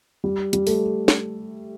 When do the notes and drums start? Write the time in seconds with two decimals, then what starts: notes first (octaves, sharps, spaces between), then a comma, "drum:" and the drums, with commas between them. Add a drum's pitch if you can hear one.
0.24 G3
0.53 G3, drum: hi-hat
0.67 A3, drum: open hi-hat
1.08 drum: snare